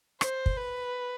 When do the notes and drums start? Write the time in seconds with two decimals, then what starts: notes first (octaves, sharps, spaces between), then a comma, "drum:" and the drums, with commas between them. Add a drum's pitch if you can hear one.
0.21 C5, drum: rim click
0.46 drum: kick
0.57 B4